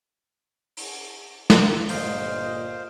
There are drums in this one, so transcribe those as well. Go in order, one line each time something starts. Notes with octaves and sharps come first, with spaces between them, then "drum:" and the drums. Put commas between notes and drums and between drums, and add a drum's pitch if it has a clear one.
drum: open hi-hat
drum: snare
G1 A#2 C5 D#5 F5, drum: open hi-hat